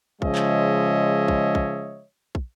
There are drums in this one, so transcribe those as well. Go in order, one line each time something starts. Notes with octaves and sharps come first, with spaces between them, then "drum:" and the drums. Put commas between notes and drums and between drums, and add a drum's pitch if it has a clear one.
C#3 F3 G#3 C#5 D#5 E5, drum: kick
drum: clap
drum: kick
drum: kick
drum: kick